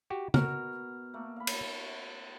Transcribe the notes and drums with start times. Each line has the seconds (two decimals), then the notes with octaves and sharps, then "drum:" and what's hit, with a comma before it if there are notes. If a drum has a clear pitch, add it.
0.10 F#4 G4
0.34 B2 F#4 A#4 F6, drum: tom
1.14 A3 A#3
1.36 F5 B5
1.47 drum: cymbal